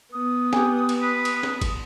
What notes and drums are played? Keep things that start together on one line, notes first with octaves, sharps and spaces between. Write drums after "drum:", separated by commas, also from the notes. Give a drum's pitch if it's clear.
B3 D#6
G4 G#5, drum: snare C4
drum: cymbal
B4
drum: cymbal
drum: snare C4
drum: kick, cymbal